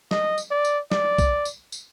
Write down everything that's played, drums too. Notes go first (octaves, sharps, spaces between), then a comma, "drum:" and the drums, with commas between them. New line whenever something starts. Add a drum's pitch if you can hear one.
D#5, drum: snare
drum: tambourine
D5
drum: tambourine
D5, drum: snare
drum: kick B1, tambourine
drum: tambourine
drum: tambourine